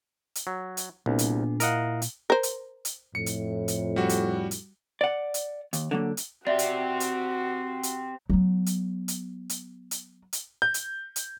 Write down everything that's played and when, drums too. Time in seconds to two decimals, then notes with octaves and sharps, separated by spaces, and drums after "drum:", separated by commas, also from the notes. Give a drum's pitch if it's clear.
0.35 drum: hi-hat
0.47 F#3
0.77 drum: hi-hat
1.06 C2 A#2 B3 D4 G#4
1.19 drum: hi-hat
1.60 E4 A#4 D#5 F5 F#5, drum: hi-hat
2.02 drum: hi-hat
2.30 A#4 C5
2.43 drum: hi-hat
2.85 drum: hi-hat
3.15 F2 A2 C#7
3.26 drum: hi-hat
3.68 drum: hi-hat
3.96 G3 F#4
4.09 drum: hi-hat
4.51 drum: hi-hat
5.01 D5 F#5
5.34 drum: hi-hat
5.73 D#2, drum: hi-hat
5.91 D3 F#3 A#3
6.17 drum: hi-hat
6.47 C4 F#4 G4 D5 E5
6.59 drum: hi-hat
7.00 drum: hi-hat
7.83 drum: hi-hat
8.30 F#3 B3
8.66 drum: hi-hat
9.08 drum: hi-hat
9.50 drum: hi-hat
9.91 drum: hi-hat
10.33 drum: hi-hat
10.62 G6
10.74 drum: hi-hat
11.16 drum: hi-hat